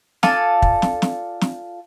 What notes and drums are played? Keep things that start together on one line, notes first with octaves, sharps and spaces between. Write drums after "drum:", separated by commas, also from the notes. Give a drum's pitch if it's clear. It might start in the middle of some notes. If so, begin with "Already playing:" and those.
F4 A4 D5 G#5, drum: snare
drum: kick
drum: snare
drum: snare
drum: snare